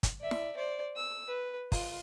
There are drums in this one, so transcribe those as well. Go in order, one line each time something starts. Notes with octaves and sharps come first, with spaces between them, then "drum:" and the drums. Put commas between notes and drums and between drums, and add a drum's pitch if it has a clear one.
drum: kick, hi-hat
D5 E5
drum: snare
C5 D5
E6
B4
F4, drum: kick, open hi-hat